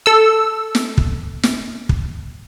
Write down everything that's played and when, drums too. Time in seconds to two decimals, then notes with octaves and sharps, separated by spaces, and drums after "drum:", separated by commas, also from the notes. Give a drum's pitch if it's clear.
0.06 A4 E6
0.75 drum: snare
0.98 drum: kick
1.43 drum: snare
1.89 drum: kick